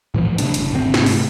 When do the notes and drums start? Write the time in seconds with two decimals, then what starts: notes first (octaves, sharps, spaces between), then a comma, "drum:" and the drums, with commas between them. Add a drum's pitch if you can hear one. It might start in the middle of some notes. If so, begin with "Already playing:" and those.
0.14 A2 E3 F3
0.38 D2 C3 B3 D4, drum: hi-hat
0.54 F#1, drum: hi-hat
0.73 G#1 D3 C4
0.94 G#2 C3 A3, drum: snare
1.06 drum: open hi-hat